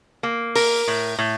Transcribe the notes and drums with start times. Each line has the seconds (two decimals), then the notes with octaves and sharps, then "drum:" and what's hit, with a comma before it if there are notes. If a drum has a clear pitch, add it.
0.23 A#3
0.56 A#4, drum: open hi-hat
0.88 A2
1.19 A2